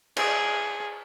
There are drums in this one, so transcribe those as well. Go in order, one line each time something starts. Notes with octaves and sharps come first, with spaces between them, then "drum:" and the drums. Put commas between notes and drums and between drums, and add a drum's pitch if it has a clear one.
G#4, drum: cymbal